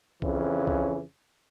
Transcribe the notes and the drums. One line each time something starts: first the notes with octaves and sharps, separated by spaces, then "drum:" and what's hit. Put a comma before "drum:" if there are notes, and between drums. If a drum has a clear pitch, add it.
F2 C#3 E3 C#4, drum: kick C2
drum: kick C2